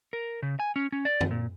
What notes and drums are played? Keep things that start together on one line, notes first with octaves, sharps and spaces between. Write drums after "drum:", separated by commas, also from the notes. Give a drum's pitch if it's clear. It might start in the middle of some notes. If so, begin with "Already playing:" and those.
A#4
C#3
G#5
C#4
C#4
D5
drum: tom
A#2